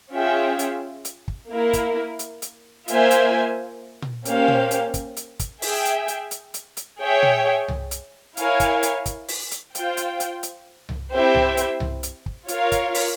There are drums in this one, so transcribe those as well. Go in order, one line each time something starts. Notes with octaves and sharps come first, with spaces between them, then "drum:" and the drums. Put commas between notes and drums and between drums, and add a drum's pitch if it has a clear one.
C#4 F4 G#4 E5 G5
drum: hi-hat
drum: hi-hat
drum: kick
A#3 E4 A#4
drum: kick, hi-hat
drum: hi-hat
drum: hi-hat
A#3 F4 C5 E5 G#5, drum: hi-hat
drum: hi-hat
drum: tom A#2
A#3 C#4 G4 C5 F5, drum: hi-hat
drum: tom A#2
drum: hi-hat
drum: kick, hi-hat
drum: hi-hat
drum: kick, hi-hat
G#4 E5 G5, drum: open hi-hat
drum: hi-hat
drum: hi-hat
drum: hi-hat
drum: hi-hat
drum: hi-hat
G#4 C#5 E5 G5
drum: tom A#2
drum: tom C2
drum: hi-hat
E4 A#4 C#5 F5 G#5, drum: hi-hat
drum: kick, hi-hat
drum: hi-hat
drum: kick, hi-hat
drum: open hi-hat
drum: hi-hat
F4 C5 G5, drum: hi-hat
drum: hi-hat
drum: hi-hat
drum: hi-hat
drum: tom C2
C4 E4 G4 C5 E5
drum: tom C2
drum: hi-hat
drum: tom C2
drum: hi-hat
drum: kick
F4 A#4 C#5 F5, drum: hi-hat
drum: kick, hi-hat
drum: open hi-hat